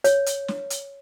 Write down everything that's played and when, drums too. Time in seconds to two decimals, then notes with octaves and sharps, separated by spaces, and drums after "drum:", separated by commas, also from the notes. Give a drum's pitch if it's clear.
0.04 C#5, drum: hi-hat
0.26 drum: hi-hat
0.48 drum: snare
0.70 drum: hi-hat